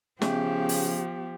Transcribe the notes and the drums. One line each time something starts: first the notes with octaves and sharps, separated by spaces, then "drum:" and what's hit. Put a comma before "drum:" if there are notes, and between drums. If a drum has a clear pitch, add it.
C#3 F3 B3 G4, drum: snare
drum: open hi-hat